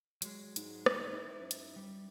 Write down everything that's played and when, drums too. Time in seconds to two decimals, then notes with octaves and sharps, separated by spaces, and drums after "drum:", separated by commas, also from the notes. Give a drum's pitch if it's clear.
0.22 F#3 G#3, drum: hi-hat
0.56 G#2, drum: hi-hat
0.86 drum: rim click
1.13 D#4 E4
1.39 F#2
1.51 drum: hi-hat
1.76 G3